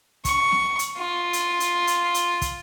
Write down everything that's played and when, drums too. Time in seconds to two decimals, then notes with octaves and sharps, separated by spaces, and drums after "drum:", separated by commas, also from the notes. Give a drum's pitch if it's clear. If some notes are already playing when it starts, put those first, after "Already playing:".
0.25 C#6, drum: kick, hi-hat
0.52 drum: snare
0.79 drum: hi-hat
0.98 F4
1.33 drum: hi-hat
1.60 drum: hi-hat
1.87 drum: hi-hat
2.14 drum: hi-hat
2.42 drum: kick, hi-hat